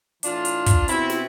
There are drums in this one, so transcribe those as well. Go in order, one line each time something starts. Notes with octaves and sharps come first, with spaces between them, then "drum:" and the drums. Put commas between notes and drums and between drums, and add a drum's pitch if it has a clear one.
A2 E3 D4 F4, drum: hi-hat
drum: hi-hat
drum: kick, hi-hat
B2 C4 E4, drum: hi-hat
drum: snare